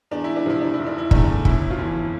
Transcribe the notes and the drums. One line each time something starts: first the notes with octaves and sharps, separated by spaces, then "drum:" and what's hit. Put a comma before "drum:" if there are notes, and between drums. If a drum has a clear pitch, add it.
E2 D4
E4
D4
C3 F3 E4
D4
E4
F1
D4
E4
E2 D3 A3 D4, drum: kick
G1 E4, drum: kick
F4
F2 E3 E4